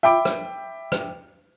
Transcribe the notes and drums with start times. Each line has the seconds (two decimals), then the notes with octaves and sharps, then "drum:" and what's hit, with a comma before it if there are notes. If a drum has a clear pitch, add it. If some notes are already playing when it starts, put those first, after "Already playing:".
0.03 E5 G5 B5 D6 D7
0.25 drum: rim click
0.92 drum: rim click